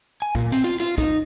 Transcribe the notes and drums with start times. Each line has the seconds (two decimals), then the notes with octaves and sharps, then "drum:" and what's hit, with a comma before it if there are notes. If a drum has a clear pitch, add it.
0.22 G#5
0.35 A#2, drum: kick
0.52 C4, drum: hi-hat
0.64 F4, drum: hi-hat
0.80 F4, drum: hi-hat
0.98 D#4, drum: kick, hi-hat